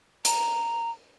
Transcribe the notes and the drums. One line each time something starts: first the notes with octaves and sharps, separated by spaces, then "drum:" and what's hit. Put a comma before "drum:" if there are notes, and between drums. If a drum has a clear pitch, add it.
A#5, drum: hi-hat